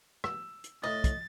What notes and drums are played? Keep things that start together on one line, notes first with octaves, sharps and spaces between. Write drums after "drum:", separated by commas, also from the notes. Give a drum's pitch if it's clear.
E6, drum: rim click
drum: hi-hat
A2 D#5 A6
drum: kick, hi-hat